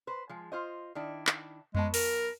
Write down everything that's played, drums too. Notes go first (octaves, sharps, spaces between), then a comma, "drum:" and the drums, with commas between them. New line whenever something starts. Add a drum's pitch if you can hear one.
B4 C5
F3 G#3
F4 C5 D#5
D#3 D4 E4
drum: clap
F#3 G#3 B3 A5, drum: tom F2
A#4, drum: open hi-hat